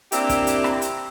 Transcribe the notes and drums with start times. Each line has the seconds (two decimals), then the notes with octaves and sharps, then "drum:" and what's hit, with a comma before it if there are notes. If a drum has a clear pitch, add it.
0.12 A#3 C4 D4 E4 G4, drum: hi-hat
0.29 drum: kick, hi-hat
0.47 drum: hi-hat
0.64 drum: rim click
0.82 drum: hi-hat